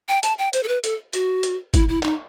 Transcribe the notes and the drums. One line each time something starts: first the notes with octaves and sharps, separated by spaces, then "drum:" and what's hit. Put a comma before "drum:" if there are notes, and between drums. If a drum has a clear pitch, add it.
G5
A5, drum: hi-hat
G5
C5, drum: hi-hat
A4
B4
A4, drum: hi-hat
F#4, drum: hi-hat
drum: hi-hat
E4, drum: kick, hi-hat
E4
D#4, drum: clap